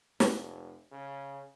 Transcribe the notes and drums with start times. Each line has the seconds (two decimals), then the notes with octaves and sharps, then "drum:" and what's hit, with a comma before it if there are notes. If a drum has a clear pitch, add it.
0.20 F1, drum: snare
0.91 C#3